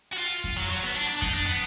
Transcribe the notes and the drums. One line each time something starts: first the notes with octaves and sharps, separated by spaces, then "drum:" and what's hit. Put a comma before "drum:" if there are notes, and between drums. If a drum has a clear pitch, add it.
F#4
F4
drum: kick F2
F#3
F#3
B3
D4
D4
D#4, drum: kick F2
D4
B3